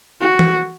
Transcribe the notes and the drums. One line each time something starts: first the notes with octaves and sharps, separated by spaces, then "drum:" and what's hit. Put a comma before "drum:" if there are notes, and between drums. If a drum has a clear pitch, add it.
F#4
drum: tom E3